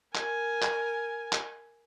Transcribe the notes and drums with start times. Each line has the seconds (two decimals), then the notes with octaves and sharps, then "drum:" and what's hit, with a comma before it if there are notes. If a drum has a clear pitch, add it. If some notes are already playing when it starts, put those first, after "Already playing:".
0.15 A#4 G#5, drum: clap
0.62 drum: clap
1.33 drum: clap